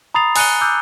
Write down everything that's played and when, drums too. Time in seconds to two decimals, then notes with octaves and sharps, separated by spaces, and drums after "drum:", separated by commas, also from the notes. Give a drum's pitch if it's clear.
0.14 A#5 B5 D#6 A6 C7 F7
0.36 G#5 F#6 C#7 D#7 G7, drum: open hi-hat
0.61 D6 E6 F#6 G6